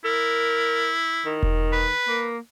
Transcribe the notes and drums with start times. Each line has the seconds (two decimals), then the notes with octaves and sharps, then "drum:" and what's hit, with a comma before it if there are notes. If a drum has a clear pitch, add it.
0.04 E4 A#4
1.26 D#3
1.43 drum: kick E1
1.73 B4
2.08 A#3